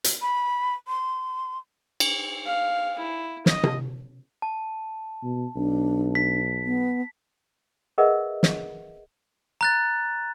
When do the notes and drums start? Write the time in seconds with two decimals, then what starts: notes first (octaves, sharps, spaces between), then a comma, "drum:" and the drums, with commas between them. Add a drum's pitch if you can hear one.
0.04 drum: hi-hat
0.22 B5
0.88 C6
2.00 drum: cymbal
2.45 F5
2.98 E4
3.46 D#5, drum: snare
3.63 drum: tom C3
4.42 A5
5.23 B2
5.56 B1 D4
6.15 B6
6.64 B3
7.98 G#4 A#4 B4 D#5 E5 F#5
8.43 drum: snare
9.61 A#5 F#6 A6